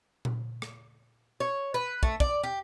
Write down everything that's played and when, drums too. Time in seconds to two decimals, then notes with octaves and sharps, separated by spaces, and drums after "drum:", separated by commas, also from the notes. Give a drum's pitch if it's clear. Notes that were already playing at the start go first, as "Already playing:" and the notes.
0.25 drum: tom A#2
0.62 drum: rim click
1.40 C#5
1.74 B4
2.03 A3, drum: kick
2.20 D5, drum: kick
2.43 G4